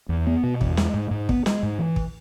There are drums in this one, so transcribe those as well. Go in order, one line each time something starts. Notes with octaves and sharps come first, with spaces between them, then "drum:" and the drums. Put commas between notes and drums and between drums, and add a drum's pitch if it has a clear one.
E2
B3
B2
E2, drum: kick
G#3, drum: snare
G#2
G#2
B3, drum: kick
G#3, drum: snare
G#2
E3
drum: kick